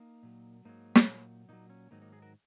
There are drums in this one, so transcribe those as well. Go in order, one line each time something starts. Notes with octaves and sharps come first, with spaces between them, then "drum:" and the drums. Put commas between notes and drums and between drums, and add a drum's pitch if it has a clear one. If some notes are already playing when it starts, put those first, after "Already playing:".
Already playing: A#3 D#4
A#2 F#3
G#2 F#3 A#3 D#4
drum: snare
A#2 F#3
A#2 F#3 A#3 D#4
C#4
G#2 D#3 F#3 A#3 D#4
A#3 D#4
D#4 G#4
F#4 A#4